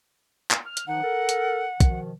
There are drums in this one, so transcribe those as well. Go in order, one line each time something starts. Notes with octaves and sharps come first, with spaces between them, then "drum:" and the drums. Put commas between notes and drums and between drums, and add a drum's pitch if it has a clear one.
drum: clap
F6
drum: hi-hat
D#3 F3 D#4 F#5
A4 A#4
drum: hi-hat
B2 D#3 F3, drum: kick, hi-hat